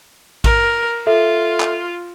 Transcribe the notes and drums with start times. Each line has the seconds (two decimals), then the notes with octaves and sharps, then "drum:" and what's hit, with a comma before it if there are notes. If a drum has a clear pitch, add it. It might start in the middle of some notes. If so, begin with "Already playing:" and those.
0.44 A#4, drum: kick A1, cymbal
1.07 F4 A4 E5
1.60 drum: clap